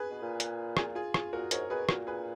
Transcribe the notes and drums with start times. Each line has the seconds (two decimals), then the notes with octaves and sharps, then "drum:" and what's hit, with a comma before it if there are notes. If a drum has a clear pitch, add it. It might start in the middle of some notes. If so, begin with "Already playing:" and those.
Already playing: G#4 B4
0.11 B2
0.22 A#2
0.40 drum: hi-hat
0.77 F4 G#4, drum: rim click
0.95 F4 G#4
1.14 F4 G#4, drum: rim click
1.33 A#2 F#4 A#4
1.51 G#2 A#4 C#5, drum: hi-hat
1.70 B2 G#4 B4
1.89 A#2 F#4 A#4, drum: rim click
2.07 G#4 B4